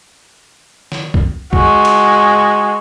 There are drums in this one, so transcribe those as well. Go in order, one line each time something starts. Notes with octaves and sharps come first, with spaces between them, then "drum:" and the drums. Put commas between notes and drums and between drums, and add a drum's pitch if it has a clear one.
drum: snare
drum: kick
G#3 F#4, drum: kick
drum: cymbal